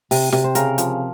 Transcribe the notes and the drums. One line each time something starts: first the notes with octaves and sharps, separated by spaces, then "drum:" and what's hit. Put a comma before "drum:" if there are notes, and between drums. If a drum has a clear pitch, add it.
C3, drum: open hi-hat
C3, drum: snare
C5
C#3 A#4, drum: hi-hat
F3, drum: hi-hat